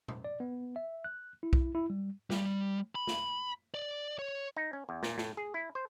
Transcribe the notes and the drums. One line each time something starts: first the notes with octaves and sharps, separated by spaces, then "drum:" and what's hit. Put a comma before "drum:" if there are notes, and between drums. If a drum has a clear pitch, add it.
drum: tom
D5
B3
E5
F#6
E4
drum: kick B1
E4
G3
G3, drum: snare
B5
drum: snare
D5
C#5
D#4
C#4
E2
A#2, drum: snare
A2, drum: snare
G#4
E4
C5